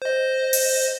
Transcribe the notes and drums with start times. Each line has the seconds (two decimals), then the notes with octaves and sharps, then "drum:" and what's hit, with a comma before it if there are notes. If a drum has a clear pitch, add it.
0.02 C5 D#5
0.53 drum: open hi-hat